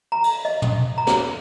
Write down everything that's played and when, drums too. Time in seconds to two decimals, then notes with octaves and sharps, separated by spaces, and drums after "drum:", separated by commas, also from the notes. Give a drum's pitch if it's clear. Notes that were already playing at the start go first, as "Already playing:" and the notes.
0.12 A#5
0.24 drum: cymbal
0.45 D#5
0.62 drum: tom
0.98 A#5
1.07 drum: snare